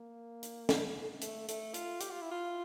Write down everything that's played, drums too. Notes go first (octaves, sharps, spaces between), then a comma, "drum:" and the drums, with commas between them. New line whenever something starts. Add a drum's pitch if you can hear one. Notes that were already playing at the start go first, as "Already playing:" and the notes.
Already playing: A#3
drum: hi-hat
drum: snare
A3, drum: hi-hat
A3, drum: hi-hat
F4, drum: hi-hat
G4, drum: hi-hat
F4
E4
F4